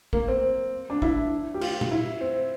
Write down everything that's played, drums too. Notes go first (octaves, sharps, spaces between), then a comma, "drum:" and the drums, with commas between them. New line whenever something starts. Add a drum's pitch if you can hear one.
A#3, drum: kick
C4
D4
E4, drum: kick
G4
F4, drum: cymbal
drum: tom A#2
E4
C4